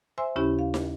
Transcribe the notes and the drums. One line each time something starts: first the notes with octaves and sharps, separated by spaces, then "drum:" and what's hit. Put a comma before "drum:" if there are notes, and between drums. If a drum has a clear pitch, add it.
C5 E5 G#5 C6 E6
D#2 C#3 C#4 E4 G4 B5
F5
drum: snare